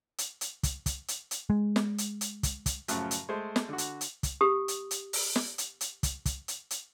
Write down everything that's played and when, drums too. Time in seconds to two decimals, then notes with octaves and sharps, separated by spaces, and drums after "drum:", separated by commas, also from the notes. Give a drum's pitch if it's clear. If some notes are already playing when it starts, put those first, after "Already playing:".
0.18 drum: hi-hat
0.41 drum: hi-hat
0.63 drum: kick, hi-hat
0.86 drum: kick, hi-hat
1.08 drum: hi-hat
1.31 drum: hi-hat
1.50 G#3
1.76 drum: snare
1.98 drum: hi-hat
2.21 drum: hi-hat
2.43 drum: kick, hi-hat
2.66 drum: kick, hi-hat
2.88 F#2 A2 C#3 F3 F#3, drum: hi-hat
3.11 drum: hi-hat
3.29 G#3 A3 C5
3.56 drum: snare
3.69 D3 F#4
3.78 drum: hi-hat
4.01 drum: hi-hat
4.23 drum: kick, hi-hat
4.41 G4 D#6
4.68 drum: hi-hat
4.91 drum: hi-hat
5.13 drum: open hi-hat
5.36 drum: snare
5.58 drum: hi-hat
5.81 drum: hi-hat
6.03 drum: kick, hi-hat
6.26 drum: kick, hi-hat
6.48 drum: hi-hat
6.71 drum: hi-hat